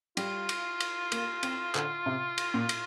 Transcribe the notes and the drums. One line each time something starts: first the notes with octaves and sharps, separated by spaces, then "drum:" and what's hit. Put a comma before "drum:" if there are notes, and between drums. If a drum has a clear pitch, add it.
G3 F4, drum: cymbal
drum: cymbal
drum: cymbal
A#3, drum: cymbal
C4, drum: cymbal
D3, drum: clap
C3
drum: cymbal
A#2
drum: cymbal